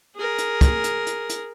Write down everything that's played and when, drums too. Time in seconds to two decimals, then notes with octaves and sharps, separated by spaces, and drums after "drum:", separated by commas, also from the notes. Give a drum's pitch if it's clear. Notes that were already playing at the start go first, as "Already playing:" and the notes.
0.16 G#4 A#4
0.38 drum: hi-hat
0.61 drum: kick, hi-hat
0.84 drum: hi-hat
1.07 drum: hi-hat
1.29 drum: hi-hat